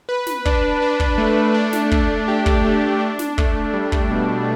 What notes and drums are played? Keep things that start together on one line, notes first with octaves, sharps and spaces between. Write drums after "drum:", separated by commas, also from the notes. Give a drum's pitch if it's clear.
B4
drum: snare
D4, drum: kick
D4
drum: kick
A3
D4
drum: snare
A3, drum: kick
G4
drum: kick
A3
D4
drum: snare
A3, drum: kick
G3
drum: kick
B2